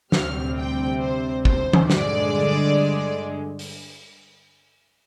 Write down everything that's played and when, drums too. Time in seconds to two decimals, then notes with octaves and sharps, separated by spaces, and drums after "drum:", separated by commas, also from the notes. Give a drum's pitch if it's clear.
0.12 D2 C3 G3 C4 F6, drum: snare
0.57 G5
1.02 C5
1.45 C5, drum: kick
1.73 drum: tom E3
1.90 G2 D3 G#3 D5, drum: snare
3.59 drum: open hi-hat